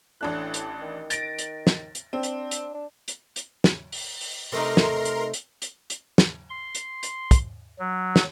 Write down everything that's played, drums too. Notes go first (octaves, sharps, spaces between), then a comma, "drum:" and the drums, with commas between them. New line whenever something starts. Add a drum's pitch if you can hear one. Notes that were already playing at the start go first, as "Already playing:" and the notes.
A1 A2 D4 F#6
drum: hi-hat
D#3
A6 A#6 D7, drum: hi-hat
drum: hi-hat
drum: snare
drum: hi-hat
C4 D4
drum: hi-hat
drum: hi-hat
D4
drum: hi-hat
drum: hi-hat
drum: snare
drum: open hi-hat
drum: open hi-hat
C3 A3 D#4 A#4 A#5 C6
drum: snare
drum: hi-hat
drum: hi-hat
drum: hi-hat
drum: hi-hat
drum: snare
C6
drum: hi-hat
drum: hi-hat
drum: kick, hi-hat
F#3
drum: snare